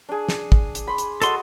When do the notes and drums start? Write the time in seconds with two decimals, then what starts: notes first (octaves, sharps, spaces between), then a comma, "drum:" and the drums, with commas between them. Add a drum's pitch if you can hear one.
0.09 D4 G#4
0.29 drum: snare
0.52 drum: kick
0.75 drum: hi-hat
0.87 B5 C6
0.98 drum: hi-hat
1.22 F#4 A4 D#5 C6, drum: hi-hat